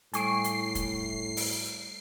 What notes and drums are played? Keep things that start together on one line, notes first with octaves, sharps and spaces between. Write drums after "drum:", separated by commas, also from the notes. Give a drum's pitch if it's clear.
A2 G3 G#5 C#6 C7 D7, drum: hi-hat
drum: hi-hat
drum: kick, hi-hat
drum: open hi-hat